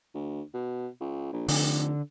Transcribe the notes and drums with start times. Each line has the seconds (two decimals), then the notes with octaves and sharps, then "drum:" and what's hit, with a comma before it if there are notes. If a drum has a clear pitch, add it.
0.14 D2
0.54 B2
1.00 C#2
1.32 A#1
1.48 F1 D3, drum: open hi-hat